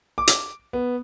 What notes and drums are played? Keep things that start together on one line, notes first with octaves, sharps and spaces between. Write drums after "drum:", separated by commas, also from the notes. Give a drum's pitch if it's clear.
D6
drum: hi-hat
B3